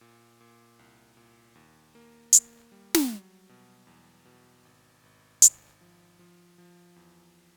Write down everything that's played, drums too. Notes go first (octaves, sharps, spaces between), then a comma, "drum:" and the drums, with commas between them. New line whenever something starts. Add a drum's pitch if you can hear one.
A#2
A#2
C2
A#2
D#2
A#3
A#3, drum: hi-hat
G3
drum: snare
F#3
B2
E2
B2
G#1
G#1
G#1, drum: hi-hat
F3
F3
F3
E2